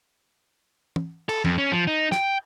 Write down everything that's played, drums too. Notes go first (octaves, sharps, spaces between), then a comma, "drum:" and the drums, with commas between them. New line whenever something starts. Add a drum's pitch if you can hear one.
drum: tom
A4, drum: cymbal
F2, drum: tom
C#4
F3
D#4
G5, drum: snare